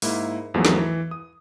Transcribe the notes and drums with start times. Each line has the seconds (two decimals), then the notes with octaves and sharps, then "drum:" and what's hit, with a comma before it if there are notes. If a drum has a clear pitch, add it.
0.02 G#2 A#3 E4, drum: open hi-hat
0.54 E2 G#2 F3 F#3 A3 B3
0.65 drum: snare
0.78 E3
1.11 D#6